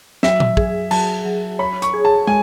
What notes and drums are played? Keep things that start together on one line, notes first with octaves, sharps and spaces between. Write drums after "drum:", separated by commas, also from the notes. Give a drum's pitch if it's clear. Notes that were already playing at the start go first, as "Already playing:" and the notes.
F#3 E5, drum: snare
drum: tom A#2
G#4, drum: kick
F#3 A5, drum: cymbal
F#3
C#5 B5
C#6, drum: hi-hat
G#4
A5
G#3 G#5